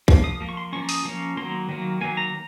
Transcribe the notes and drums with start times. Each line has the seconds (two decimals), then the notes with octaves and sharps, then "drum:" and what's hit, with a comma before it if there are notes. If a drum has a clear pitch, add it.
0.08 F3 A#3, drum: kick B1
0.24 D#6
0.40 F3 A#3
0.49 C#6
0.57 C6
0.73 F3 A#3 C#4 C#6
0.89 D#6, drum: open hi-hat
1.05 F3 A#3 C#4
1.37 D#3 F#3 A#3 C6
1.69 D#3 F#3 A#3
2.01 D#3 F#3 A#3 G#5
2.17 A#5